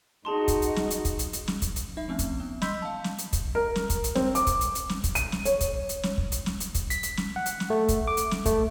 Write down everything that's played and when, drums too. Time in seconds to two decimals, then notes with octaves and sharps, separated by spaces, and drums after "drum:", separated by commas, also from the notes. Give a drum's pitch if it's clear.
0.25 D#4 F#4 G#4 A5 C6
0.48 drum: kick, hi-hat
0.62 drum: hi-hat
0.76 drum: snare
0.91 drum: hi-hat
1.05 drum: kick, hi-hat
1.19 drum: hi-hat
1.33 drum: hi-hat
1.48 drum: snare
1.62 drum: kick, hi-hat
1.76 drum: hi-hat
1.97 D#4 E5
2.08 F3 A3 C4 C#4
2.19 drum: kick, hi-hat
2.40 B3
2.62 D#5 B5 C6 E6 G6 B6, drum: snare
2.82 F5 A5
3.04 drum: snare
3.19 drum: hi-hat
3.33 drum: kick, hi-hat
3.55 A#4
3.75 drum: snare
3.90 drum: kick, hi-hat
4.04 drum: hi-hat
4.15 C4, drum: snare
4.35 D6, drum: hi-hat
4.47 drum: kick, hi-hat
4.61 drum: hi-hat
4.75 drum: hi-hat
4.89 drum: snare
5.04 drum: kick, hi-hat
5.15 D#7, drum: hi-hat
5.32 drum: snare
5.45 C#5, drum: hi-hat
5.61 drum: kick, hi-hat
5.89 drum: hi-hat
6.03 drum: snare
6.18 drum: kick
6.32 drum: hi-hat
6.46 drum: snare
6.60 drum: hi-hat
6.75 drum: kick, hi-hat
6.90 B6, drum: hi-hat
7.03 drum: hi-hat
7.17 drum: snare
7.36 F#5
7.46 drum: hi-hat
7.60 drum: snare
7.70 A3
7.89 drum: kick, hi-hat
8.08 D6
8.17 drum: hi-hat
8.31 drum: snare
8.46 A3, drum: kick, hi-hat